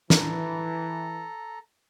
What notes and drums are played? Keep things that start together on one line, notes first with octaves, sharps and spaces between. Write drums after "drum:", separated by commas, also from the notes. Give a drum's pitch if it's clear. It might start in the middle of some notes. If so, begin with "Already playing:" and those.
E3 A4 A#5, drum: snare